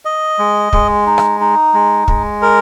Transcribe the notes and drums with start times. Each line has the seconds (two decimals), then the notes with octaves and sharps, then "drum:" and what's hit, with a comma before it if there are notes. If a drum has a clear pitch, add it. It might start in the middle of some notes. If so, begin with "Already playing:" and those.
0.05 D#5
0.39 G#3
0.73 G#3, drum: kick
1.06 D#4
1.18 drum: rim click
1.40 D#4
1.74 G#3
2.08 G#3, drum: kick
2.42 A#4